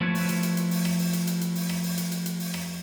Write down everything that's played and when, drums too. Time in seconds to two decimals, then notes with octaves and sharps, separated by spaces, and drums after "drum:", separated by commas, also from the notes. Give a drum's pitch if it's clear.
0.01 F3 A3 E4 F4 B4 C#5
0.15 drum: open hi-hat
0.29 drum: hi-hat
0.43 drum: hi-hat
0.57 drum: hi-hat
0.71 drum: open hi-hat
0.85 drum: rim click
0.99 drum: open hi-hat
1.13 drum: hi-hat
1.27 drum: hi-hat
1.41 drum: hi-hat
1.55 drum: open hi-hat
1.69 drum: rim click
1.84 drum: open hi-hat
1.98 drum: hi-hat
2.12 drum: hi-hat
2.26 drum: hi-hat
2.40 drum: open hi-hat
2.54 drum: rim click